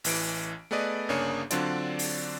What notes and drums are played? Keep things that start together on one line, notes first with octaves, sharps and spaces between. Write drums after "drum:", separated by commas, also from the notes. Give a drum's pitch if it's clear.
A1 E3 D7, drum: open hi-hat
A3 B3 G#4 B4 D5 D#5
G1 C#3 A#3 D4 G#4 C#5
D3 F#3 C4 D4 F4 D5, drum: hi-hat
drum: open hi-hat